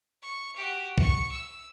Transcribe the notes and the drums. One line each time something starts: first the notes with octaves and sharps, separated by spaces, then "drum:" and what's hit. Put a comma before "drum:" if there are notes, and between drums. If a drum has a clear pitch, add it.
C#6
F#4 G4
C#6 C#7, drum: kick
E6